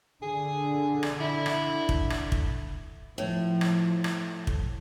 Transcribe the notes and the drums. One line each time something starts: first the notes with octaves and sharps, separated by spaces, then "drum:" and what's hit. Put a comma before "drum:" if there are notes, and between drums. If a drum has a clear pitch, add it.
D3 G#4
drum: rim click
E4
drum: rim click
drum: kick
drum: rim click
drum: kick
A2 F3
drum: rim click
drum: rim click
drum: kick